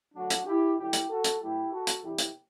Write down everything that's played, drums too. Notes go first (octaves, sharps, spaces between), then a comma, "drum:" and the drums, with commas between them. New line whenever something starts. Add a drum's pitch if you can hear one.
F#2 D3 F#3 A3 D4 F#4
drum: hi-hat
E4 G4
F#2 D3 F#3 E4 G4
drum: hi-hat
F#4 A4
drum: hi-hat
G2 F#3 A3 E4 G4
F#4 A4
drum: hi-hat
E2 C3 E3 G3 E4 G4
drum: hi-hat